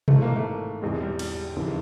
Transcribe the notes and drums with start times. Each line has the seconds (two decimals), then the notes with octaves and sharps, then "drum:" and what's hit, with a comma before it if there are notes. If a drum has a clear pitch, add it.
0.08 G#1 G#2 E3 A3, drum: tom B2
0.22 A#3
0.36 A3
0.81 E1 E2 C3 G#3
1.00 G3
1.19 G3, drum: cymbal
1.56 F1 D#2 C#3 E3